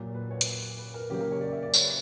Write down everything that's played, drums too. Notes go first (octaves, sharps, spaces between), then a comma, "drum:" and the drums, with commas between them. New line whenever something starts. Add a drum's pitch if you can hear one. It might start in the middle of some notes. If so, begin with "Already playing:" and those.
Already playing: A#2 F#3 A#3 G4
B4
C#5
drum: hi-hat
B4
A#4
C#3 F#3 A#3 G4
A#4
C#5
D5
E5
D5
C#5, drum: tambourine
B4